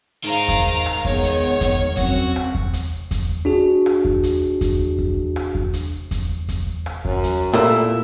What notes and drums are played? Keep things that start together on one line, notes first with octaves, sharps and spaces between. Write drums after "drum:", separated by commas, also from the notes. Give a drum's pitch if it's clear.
G#2 D#3 F5 A#5
drum: kick E2, hi-hat
drum: rim click
G#3 B3 C#5, drum: kick E2
drum: hi-hat
drum: kick E2, hi-hat
F#2 C4 F#4, drum: kick E2, hi-hat
drum: rim click
drum: kick E2
drum: hi-hat
drum: kick E2, hi-hat
D4 F#4 G#4
drum: rim click
drum: kick E2
drum: hi-hat
drum: kick E2, hi-hat
drum: kick E2
drum: rim click
drum: kick E2
drum: hi-hat
drum: kick E2, hi-hat
drum: kick E2, hi-hat
drum: rim click
F#2, drum: kick E2
drum: hi-hat
A#2 G3 A3 A#3 E4 F4 E5